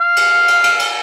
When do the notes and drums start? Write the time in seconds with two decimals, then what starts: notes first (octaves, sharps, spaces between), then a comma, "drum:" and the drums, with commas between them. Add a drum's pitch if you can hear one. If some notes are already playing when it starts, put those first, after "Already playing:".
0.01 F5
0.16 drum: cymbal
0.48 drum: cymbal
0.64 drum: cymbal
0.80 drum: cymbal